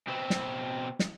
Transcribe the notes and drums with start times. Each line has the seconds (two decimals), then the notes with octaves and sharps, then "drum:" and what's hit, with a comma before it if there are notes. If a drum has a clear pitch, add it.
0.07 B2 C4
0.30 drum: snare
0.99 drum: snare